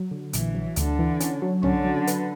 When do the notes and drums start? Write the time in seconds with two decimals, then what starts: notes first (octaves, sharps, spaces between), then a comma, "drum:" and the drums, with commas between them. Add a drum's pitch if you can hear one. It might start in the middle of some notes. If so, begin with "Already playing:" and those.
Already playing: F#3
0.11 D3
0.33 A#1 E3, drum: hi-hat
0.55 F#3
0.76 D2 D3, drum: hi-hat
0.99 E3
1.20 C#4, drum: hi-hat
1.42 F#3
1.63 D3 C#4, drum: tom
1.85 F#3
2.07 B4, drum: hi-hat